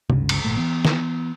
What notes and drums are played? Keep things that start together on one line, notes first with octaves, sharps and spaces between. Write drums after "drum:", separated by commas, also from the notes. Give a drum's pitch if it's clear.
G1 C#2 C#3, drum: tom C3
drum: cymbal
G#1 A#2 A3
E3 B3
drum: snare